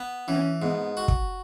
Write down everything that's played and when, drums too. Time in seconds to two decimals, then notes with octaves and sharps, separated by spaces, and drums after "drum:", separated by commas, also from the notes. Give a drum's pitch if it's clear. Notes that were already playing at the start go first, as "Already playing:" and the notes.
Already playing: B3
0.28 E3 C#4
0.62 G#2 B3
0.97 F#4
1.08 drum: kick